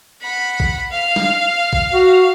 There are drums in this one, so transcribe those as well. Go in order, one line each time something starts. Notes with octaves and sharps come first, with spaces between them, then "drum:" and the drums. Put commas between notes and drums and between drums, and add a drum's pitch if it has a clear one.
F#5 B5
drum: kick A#1
F5
drum: snare
drum: kick A#1
F#4